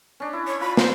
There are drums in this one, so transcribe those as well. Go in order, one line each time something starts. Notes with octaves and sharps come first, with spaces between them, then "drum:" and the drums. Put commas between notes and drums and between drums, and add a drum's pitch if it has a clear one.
C#4 D4
E4
C#5
F4 B5
C5, drum: snare